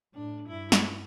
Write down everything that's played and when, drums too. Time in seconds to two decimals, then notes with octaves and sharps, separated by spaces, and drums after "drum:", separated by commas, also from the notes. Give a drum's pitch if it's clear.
0.14 A2 D4
0.49 G2 E4
0.72 drum: snare